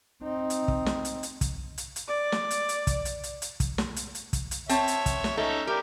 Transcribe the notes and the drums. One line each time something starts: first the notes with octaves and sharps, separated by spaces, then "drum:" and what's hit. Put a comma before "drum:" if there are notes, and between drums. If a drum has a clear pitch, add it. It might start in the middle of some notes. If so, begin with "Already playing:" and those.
C4 D#4
drum: hi-hat
drum: kick
drum: snare
drum: hi-hat
drum: hi-hat
drum: kick, hi-hat
drum: hi-hat
drum: hi-hat
D5
drum: snare
drum: hi-hat
drum: hi-hat
drum: kick, hi-hat
drum: hi-hat
drum: hi-hat
drum: hi-hat
drum: kick, hi-hat
drum: snare
drum: hi-hat
drum: hi-hat
drum: kick, hi-hat
drum: hi-hat
C4 C#5 E5 A5, drum: hi-hat
drum: hi-hat
drum: kick, hi-hat
drum: snare
C#4 D#4 A4 E5
G3 G4 A#4